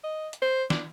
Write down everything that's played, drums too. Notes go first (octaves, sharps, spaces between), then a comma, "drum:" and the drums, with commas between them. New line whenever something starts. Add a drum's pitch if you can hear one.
D#5
drum: hi-hat
C5
D4, drum: snare